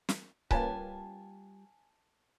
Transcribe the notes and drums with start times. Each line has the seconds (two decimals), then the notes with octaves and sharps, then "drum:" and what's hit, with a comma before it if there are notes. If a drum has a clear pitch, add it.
0.09 drum: snare
0.51 G3 A#3 C#4 F4 G4 B4 G#5 A5, drum: kick C#1